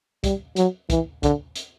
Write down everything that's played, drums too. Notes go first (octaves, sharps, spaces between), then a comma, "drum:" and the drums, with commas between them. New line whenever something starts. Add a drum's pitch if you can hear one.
G3, drum: kick, hi-hat
F#3, drum: hi-hat
E3, drum: kick, hi-hat
D3, drum: kick, hi-hat
drum: hi-hat